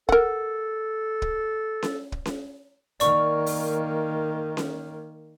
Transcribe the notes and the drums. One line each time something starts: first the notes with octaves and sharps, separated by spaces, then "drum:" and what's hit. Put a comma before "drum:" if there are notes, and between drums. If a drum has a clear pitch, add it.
A4 A#4 F#5, drum: kick
drum: kick
drum: snare C#4
drum: kick
drum: snare C#4
D#3 A#3 D5 C#6, drum: hi-hat
drum: open hi-hat
drum: snare C#4